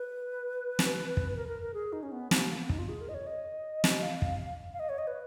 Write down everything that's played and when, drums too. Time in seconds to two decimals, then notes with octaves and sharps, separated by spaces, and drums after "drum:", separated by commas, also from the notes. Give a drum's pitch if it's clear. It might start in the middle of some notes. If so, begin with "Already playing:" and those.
Already playing: B4
0.79 drum: snare
1.17 drum: kick
1.37 A#4
1.48 A#4
1.61 A#4
1.74 G#4
1.93 D#4
2.03 C#4
2.12 B3
2.31 A#3, drum: snare
2.50 A#3
2.59 B3
2.69 D#4, drum: kick
2.79 F4
2.89 G#4
3.01 A#4
3.09 D#5
3.14 C#5
3.27 D#5
3.84 drum: snare
4.03 F5
4.22 drum: kick
4.73 F5
4.80 D#5
4.89 C#5
4.98 D#5
5.07 B4